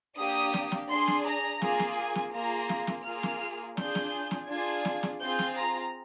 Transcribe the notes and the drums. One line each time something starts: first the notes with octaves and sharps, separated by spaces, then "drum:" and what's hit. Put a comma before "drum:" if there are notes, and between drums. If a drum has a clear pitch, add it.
A#3 D4 G4 D#6
drum: snare
drum: snare
D4 G#4 C6
drum: snare
A#5
A#3 F4 G#4, drum: snare
drum: snare
G#5
drum: snare
A#3 F4 G#4 A#5
drum: snare
drum: snare
A#3 F4 G#4 F6
drum: snare
D4 F4 G#4 G6, drum: snare
drum: snare
drum: snare
D4 F4 G#4 G#6
drum: snare
drum: snare
C4 F4 G#4 G6
drum: snare
A#5